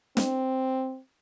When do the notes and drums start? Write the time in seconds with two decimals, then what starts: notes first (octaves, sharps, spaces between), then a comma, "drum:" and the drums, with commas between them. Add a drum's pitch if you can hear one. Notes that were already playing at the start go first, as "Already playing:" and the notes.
0.17 C4, drum: snare